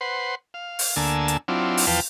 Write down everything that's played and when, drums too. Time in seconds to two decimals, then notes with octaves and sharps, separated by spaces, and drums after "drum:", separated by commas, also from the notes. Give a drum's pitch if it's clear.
0.01 B4 C5 F#5 C6
0.54 F5
0.79 drum: open hi-hat
0.96 D2 D3 A#3 G#5 A5 E6
1.28 drum: hi-hat
1.48 F#3 C4 D4 E4 F4
1.77 drum: open hi-hat
1.87 E2 F3 B4 F5 G5 A5